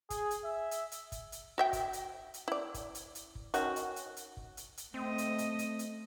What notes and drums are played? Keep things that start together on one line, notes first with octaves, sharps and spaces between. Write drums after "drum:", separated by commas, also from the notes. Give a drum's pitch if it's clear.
G#4, drum: kick, hi-hat
drum: hi-hat
E5
drum: hi-hat
drum: hi-hat
drum: kick, hi-hat
drum: hi-hat
F#4 E5 G5
drum: kick, hi-hat
drum: hi-hat
drum: hi-hat
E4 D5
drum: kick, hi-hat
drum: hi-hat
drum: hi-hat
drum: kick
D#3 C#4 F#4, drum: hi-hat
drum: hi-hat
drum: hi-hat
drum: hi-hat
drum: kick
drum: hi-hat
drum: hi-hat
A3 C4 D#5
drum: hi-hat
drum: hi-hat
drum: hi-hat
drum: hi-hat